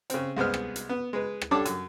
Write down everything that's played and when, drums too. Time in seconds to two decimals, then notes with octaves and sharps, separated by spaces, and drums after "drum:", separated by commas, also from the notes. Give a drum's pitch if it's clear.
0.10 C#3 C4, drum: hi-hat
0.37 C2 G#3 B3 C5 F6
0.54 drum: rim click
0.76 drum: hi-hat
0.89 B3
1.13 G#3 B4
1.42 drum: rim click
1.51 G3 D4 A4 C#5 A5 D6
1.65 F#2, drum: hi-hat